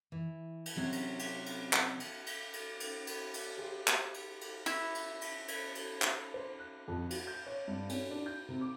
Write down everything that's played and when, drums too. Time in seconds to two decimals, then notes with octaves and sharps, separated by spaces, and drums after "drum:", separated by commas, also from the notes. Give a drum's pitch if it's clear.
0.12 E3
0.66 drum: cymbal
0.76 C3 F#3 C4 C#4
0.92 drum: cymbal
1.19 drum: cymbal
1.46 drum: cymbal
1.73 drum: clap
2.00 drum: cymbal
2.27 drum: cymbal
2.53 drum: cymbal
2.80 drum: cymbal
3.07 drum: cymbal
3.34 drum: cymbal
3.57 G4 G#4 C5
3.87 drum: clap
4.14 drum: cymbal
4.41 drum: cymbal
4.66 E4, drum: cymbal
4.95 drum: cymbal
5.21 drum: cymbal
5.48 drum: cymbal
5.75 drum: cymbal
6.02 drum: clap
6.34 C5
6.59 F#6
6.88 F2
7.10 F#4, drum: cymbal
7.27 G6
7.47 C#5
7.68 G2
7.90 C#4, drum: cymbal
8.11 D4
8.26 G6
8.49 C3
8.61 D6